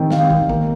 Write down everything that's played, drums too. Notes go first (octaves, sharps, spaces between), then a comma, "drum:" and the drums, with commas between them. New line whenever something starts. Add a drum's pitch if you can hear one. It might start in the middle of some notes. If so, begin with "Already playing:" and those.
Already playing: D#3 C4 G5
C4 F5, drum: snare
D#3, drum: kick
A#3, drum: kick